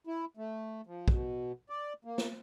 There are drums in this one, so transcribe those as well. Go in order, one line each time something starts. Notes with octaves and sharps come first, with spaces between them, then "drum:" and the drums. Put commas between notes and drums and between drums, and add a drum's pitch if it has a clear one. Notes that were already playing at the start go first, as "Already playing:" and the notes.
E4
A3
F3
B2, drum: kick A#1
D5
A#3
drum: snare